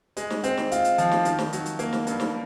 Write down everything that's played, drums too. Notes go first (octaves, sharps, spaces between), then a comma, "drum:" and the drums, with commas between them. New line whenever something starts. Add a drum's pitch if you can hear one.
G#3, drum: hi-hat
drum: snare
C4, drum: hi-hat
drum: snare
F4, drum: hi-hat
drum: hi-hat
F3, drum: hi-hat
drum: snare
D#3, drum: hi-hat
drum: snare
F#3, drum: hi-hat
drum: hi-hat
A#3, drum: hi-hat
drum: snare
G2, drum: hi-hat
drum: snare